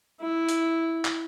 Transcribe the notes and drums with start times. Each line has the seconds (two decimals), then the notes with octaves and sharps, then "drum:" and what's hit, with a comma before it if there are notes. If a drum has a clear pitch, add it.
0.21 E4
0.49 drum: hi-hat
1.05 drum: clap